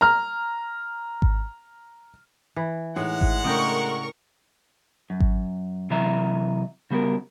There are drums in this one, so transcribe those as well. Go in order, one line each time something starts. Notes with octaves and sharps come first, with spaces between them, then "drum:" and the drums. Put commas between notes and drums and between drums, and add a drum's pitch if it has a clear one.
A#5 F6
drum: kick G#1
E3
A2 E3 G#3 D#4 F#5
drum: kick G#1
C#3 A3 D4 A#4 D#5 G5 C#6
F#2
drum: kick G#1
C3 E3 F#3 D#5 E5 A#5
C#3 G3 B3 F#4 A#4